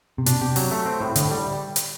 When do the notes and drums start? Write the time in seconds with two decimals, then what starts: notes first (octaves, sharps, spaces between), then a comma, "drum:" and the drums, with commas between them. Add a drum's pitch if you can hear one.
0.18 C3
0.26 B2 D4, drum: hi-hat
0.41 C3 G4
0.56 F#3, drum: open hi-hat
0.71 A3
0.86 C4
1.01 A2
1.16 A2 D3, drum: hi-hat
1.31 G3
1.76 drum: hi-hat